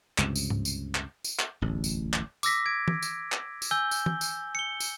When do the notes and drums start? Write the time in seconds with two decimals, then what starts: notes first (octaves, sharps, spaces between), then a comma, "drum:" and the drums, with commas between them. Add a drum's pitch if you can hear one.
0.18 C#2 G2 C3, drum: clap
0.36 drum: tambourine
0.50 drum: tom G#2
0.65 drum: tambourine
0.95 drum: clap
1.25 drum: tambourine
1.39 drum: clap
1.61 D1 A1 E2
1.84 drum: tambourine
2.13 drum: clap
2.43 D6 E6 A#6 B6, drum: tambourine
2.66 G#6 D7
2.88 drum: tom
3.02 drum: tambourine
3.32 drum: clap
3.62 drum: tambourine
3.71 G#5 E6 G6 G7
3.91 drum: tambourine
4.06 drum: tom
4.21 drum: tambourine
4.55 C#7 G7
4.80 drum: tambourine